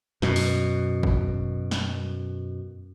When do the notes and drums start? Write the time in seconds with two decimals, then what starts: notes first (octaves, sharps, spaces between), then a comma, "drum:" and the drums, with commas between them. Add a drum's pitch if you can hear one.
0.22 F#2 B2, drum: snare
0.36 drum: open hi-hat
1.03 drum: kick
1.71 drum: snare